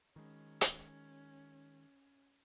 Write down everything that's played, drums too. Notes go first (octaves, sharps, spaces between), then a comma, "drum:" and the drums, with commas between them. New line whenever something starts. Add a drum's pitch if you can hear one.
D#3 G#3 C#4
drum: hi-hat